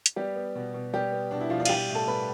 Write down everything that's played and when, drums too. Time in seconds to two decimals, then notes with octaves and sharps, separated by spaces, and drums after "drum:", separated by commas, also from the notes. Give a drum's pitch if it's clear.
0.06 drum: hi-hat
0.16 G3 B3 G4
0.36 B3
0.55 B2
0.74 B2
0.93 G3 B3 G4
1.12 B3
1.31 B2 D4
1.40 E4
1.50 B2 F3 F4
1.60 D4 D5
1.65 F5, drum: cymbal
1.69 G3 G4 G5
1.89 A2
1.95 A4 A5
2.07 G3 B4 B5